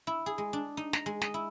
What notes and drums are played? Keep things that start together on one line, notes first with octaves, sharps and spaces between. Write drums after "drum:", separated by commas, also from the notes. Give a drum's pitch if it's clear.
E4
G#4
G#3
D4
D#4
A#5, drum: snare
G#3
D#5, drum: snare
E4